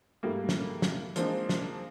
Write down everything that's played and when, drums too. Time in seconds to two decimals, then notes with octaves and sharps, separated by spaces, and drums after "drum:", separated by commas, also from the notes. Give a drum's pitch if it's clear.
0.23 G#2 G3 A3 A#3
0.49 drum: snare
0.82 drum: snare
1.16 F3 G#3 A#3 C4 D4 D#4, drum: hi-hat
1.49 drum: snare